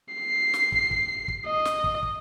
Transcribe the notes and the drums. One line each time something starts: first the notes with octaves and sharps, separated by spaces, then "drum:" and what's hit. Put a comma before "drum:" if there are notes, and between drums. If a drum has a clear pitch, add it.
C7
drum: snare
drum: kick
drum: kick
drum: kick
D#5
drum: snare
drum: kick
drum: kick